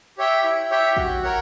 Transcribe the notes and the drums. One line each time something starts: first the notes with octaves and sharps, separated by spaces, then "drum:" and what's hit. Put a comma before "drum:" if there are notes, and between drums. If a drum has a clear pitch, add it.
G4 C#5 E5 G5
E4
G4 C#5 E5 G5
F#4, drum: kick
A#4 C#5 F#5